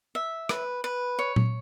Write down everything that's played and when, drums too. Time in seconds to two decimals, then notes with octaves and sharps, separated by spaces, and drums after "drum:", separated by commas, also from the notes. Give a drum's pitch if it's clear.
0.15 E5
0.49 B4, drum: rim click
0.84 B4
1.19 C#5
1.36 drum: tom A#2